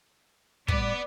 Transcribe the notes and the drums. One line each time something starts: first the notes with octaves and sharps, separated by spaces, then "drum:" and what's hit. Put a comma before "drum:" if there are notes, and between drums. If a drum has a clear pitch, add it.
A2 G3 B3 B4 D5, drum: kick